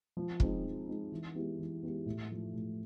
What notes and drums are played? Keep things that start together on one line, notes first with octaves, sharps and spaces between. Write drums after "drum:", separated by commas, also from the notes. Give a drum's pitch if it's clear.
F3
G#3 C4 D#4, drum: kick
F3
G#3 C4 D#4
E3
G#3 B3 E4 G4
E3
G#3 B3 E4 G4
A2
F3 A3
A2